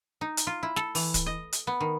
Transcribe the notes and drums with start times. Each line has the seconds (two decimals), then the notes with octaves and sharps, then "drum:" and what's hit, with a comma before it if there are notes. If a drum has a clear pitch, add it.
0.21 D#4
0.37 drum: hi-hat
0.47 F4
0.63 E4
0.76 A4, drum: snare
0.95 E3, drum: open hi-hat
1.14 drum: kick, hi-hat
1.26 D#5
1.52 drum: hi-hat
1.67 B3
1.81 D#3